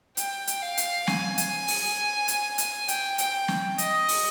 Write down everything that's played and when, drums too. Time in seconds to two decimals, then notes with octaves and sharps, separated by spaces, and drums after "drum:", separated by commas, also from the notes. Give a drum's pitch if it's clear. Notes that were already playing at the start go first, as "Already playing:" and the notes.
0.17 G5, drum: hi-hat
0.47 drum: hi-hat
0.62 F5
0.77 drum: hi-hat
1.07 G#5, drum: snare
1.38 drum: hi-hat
1.68 drum: open hi-hat
2.28 drum: hi-hat
2.58 drum: hi-hat
2.88 G5, drum: hi-hat
3.18 G5, drum: hi-hat
3.48 drum: snare
3.78 D#5, drum: hi-hat
4.08 drum: open hi-hat